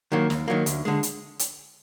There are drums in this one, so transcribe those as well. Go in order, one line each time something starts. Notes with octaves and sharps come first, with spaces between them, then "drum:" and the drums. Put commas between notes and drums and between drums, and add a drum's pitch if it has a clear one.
D#3 F#3 A#3
D#2, drum: snare
D#3 F#3 A#3
D2, drum: hi-hat
D3 G#3
drum: hi-hat
drum: hi-hat